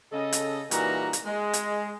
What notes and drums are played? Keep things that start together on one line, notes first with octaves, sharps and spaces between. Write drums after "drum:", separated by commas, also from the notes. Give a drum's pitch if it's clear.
C#3 A4 D#5
drum: hi-hat
A#2 E3 G3 D#4 F#4 A#5, drum: hi-hat
drum: hi-hat
G#3
drum: hi-hat